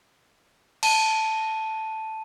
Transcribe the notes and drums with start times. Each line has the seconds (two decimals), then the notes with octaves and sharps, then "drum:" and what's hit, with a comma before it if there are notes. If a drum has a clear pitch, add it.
0.83 A5 D#7, drum: cymbal